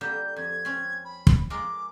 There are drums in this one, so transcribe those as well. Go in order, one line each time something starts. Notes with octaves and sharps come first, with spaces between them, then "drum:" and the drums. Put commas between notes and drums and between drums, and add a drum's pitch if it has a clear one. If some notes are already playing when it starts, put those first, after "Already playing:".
D3 G3 A#3 G6
F2 G#6
C4 C#4
B5
drum: kick
G#3 F4 A#4 D6